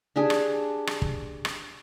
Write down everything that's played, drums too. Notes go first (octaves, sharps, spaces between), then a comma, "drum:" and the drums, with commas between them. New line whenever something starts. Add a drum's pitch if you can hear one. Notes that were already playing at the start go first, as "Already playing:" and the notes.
D4 G4 G#4
drum: rim click
drum: rim click
drum: kick
drum: rim click